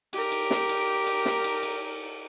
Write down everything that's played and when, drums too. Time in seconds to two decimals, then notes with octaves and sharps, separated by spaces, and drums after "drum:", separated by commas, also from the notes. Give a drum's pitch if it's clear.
0.13 G4 A#4, drum: cymbal
0.32 drum: cymbal
0.51 drum: snare
0.69 drum: cymbal
1.07 drum: cymbal
1.26 drum: snare
1.44 drum: cymbal
1.63 drum: cymbal